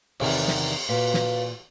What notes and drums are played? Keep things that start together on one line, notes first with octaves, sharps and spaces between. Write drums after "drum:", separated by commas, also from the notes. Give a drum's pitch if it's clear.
E2 C3 D#3 D5, drum: cymbal
drum: snare
A#2 F#4 B4 F5
drum: snare